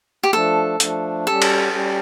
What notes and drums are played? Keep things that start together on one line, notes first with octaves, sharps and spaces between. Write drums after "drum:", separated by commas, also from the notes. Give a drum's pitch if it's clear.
G4
F3 A3 D4 A4
F3 A3 D4, drum: hi-hat
G3 C#4 G4 A4
drum: cymbal
G3 C#4 G4